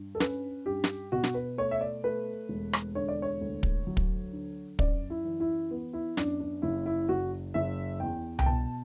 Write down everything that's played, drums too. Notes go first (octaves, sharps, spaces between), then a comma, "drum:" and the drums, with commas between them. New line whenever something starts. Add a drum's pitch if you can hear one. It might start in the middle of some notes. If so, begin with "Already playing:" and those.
Already playing: G2
A4
C#4 B4, drum: snare
G2 G4
drum: snare
B2 F#4
drum: snare
B4
A3 C#5
E5
D5
A3 B4
E1
drum: rim click
D3 C#5
D5
C#5
D2
drum: kick
F#3
drum: kick
D3
F#2 D5, drum: kick
E4
E3
E4
B3
E4
F#2 D4, drum: snare
D4
F#1 E4
E4
F#1 F#4
F#1 E5
E2 G5
G5, drum: tom C2
B2 A5